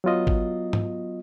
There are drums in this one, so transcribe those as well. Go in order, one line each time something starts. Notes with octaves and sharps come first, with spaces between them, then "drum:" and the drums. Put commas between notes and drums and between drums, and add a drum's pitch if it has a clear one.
F#3 B3 F4 D#5
drum: kick
drum: tom G#2